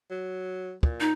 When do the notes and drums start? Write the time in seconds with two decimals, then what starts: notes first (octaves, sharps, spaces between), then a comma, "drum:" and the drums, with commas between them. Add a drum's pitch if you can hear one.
0.10 F#3
0.83 A#2, drum: kick
1.00 D#4